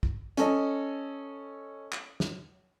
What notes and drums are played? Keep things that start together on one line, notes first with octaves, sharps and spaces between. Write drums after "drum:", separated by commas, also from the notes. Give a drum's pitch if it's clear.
drum: kick
C#4 A4 D#5, drum: hi-hat
drum: clap
drum: snare